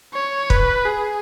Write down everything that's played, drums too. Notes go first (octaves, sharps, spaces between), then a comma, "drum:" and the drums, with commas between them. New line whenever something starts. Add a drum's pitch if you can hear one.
C#5
B4, drum: kick
G#4